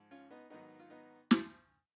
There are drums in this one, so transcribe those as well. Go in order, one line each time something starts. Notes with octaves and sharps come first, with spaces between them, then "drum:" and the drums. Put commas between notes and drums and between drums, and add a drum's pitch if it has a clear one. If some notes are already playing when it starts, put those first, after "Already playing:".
Already playing: G#2 F3
C#4 F4
B3 D#4
G#2 D#3 F#3 B3 D#4
F4
B3 D#4
drum: snare